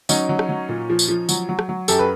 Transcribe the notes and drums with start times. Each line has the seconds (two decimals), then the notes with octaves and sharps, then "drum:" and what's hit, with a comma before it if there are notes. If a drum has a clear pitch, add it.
0.09 F#3 C#4 D#4, drum: tambourine
0.29 F#3
0.39 drum: rim click
0.49 F#3
0.69 A#2
0.90 F3
0.99 drum: tambourine
1.08 F3
1.29 F#3, drum: tambourine
1.49 F#3
1.59 drum: rim click
1.69 F#3
1.88 F#2 G4 A4, drum: tambourine
1.99 B4